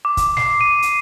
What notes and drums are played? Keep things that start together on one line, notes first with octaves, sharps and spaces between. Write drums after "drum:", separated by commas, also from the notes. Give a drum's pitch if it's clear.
D6
drum: kick, hi-hat
C7, drum: snare
D#7
drum: hi-hat